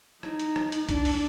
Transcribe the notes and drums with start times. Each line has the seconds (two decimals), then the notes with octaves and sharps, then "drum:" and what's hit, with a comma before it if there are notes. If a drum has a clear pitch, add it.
0.23 D#4, drum: rim click
0.39 drum: hi-hat
0.56 drum: rim click
0.72 drum: hi-hat
0.89 D4, drum: kick C2, hi-hat
1.05 drum: open hi-hat